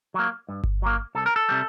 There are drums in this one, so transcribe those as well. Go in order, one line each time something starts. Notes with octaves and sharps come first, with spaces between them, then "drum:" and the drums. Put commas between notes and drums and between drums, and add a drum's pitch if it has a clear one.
F#3 A#3
G2
drum: kick G1
F#3 A#3
C2 A4
A#4
A4
C3 G3